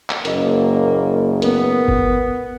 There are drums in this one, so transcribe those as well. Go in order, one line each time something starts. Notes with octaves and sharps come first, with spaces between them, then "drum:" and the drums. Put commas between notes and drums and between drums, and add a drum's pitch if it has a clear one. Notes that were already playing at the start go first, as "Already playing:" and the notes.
drum: clap
F#1 A#3 A#4 D#5, drum: hi-hat
B3 A#4, drum: hi-hat
drum: kick G1